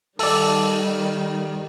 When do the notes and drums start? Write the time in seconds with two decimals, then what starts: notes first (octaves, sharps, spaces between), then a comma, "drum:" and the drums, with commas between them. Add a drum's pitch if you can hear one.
0.19 D#3 G3 A4 D5, drum: open hi-hat